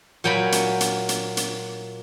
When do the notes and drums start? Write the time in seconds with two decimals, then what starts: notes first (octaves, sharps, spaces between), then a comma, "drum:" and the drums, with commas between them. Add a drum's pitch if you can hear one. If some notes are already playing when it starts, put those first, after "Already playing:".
0.24 A#2 F#3 G5 G#5 A#5 B5
0.52 drum: hi-hat
0.81 drum: hi-hat
1.09 drum: hi-hat
1.37 drum: hi-hat